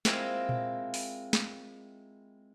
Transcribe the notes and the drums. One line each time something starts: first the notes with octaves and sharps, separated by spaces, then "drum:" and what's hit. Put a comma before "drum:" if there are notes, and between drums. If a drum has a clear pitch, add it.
G#3 A#3 C4 E4 F4, drum: snare
drum: tom A#2
drum: open hi-hat
drum: snare